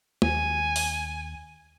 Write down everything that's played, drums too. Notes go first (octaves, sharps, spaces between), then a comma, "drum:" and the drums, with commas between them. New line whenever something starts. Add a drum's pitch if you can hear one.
D#2 G#5, drum: tom
drum: open hi-hat